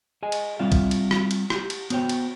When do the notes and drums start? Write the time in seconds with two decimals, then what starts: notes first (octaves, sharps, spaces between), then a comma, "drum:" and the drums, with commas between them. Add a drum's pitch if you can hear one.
0.23 G#4 D#5 G#5
0.32 drum: cymbal
0.59 G3 C4 F4 D5 E5 F5
0.72 drum: kick, cymbal
0.91 drum: cymbal
1.11 drum: rim click
1.31 drum: cymbal
1.50 G4, drum: rim click
1.70 drum: cymbal
1.90 B3 F#4 C5 C#5 G5, drum: cymbal
2.09 drum: cymbal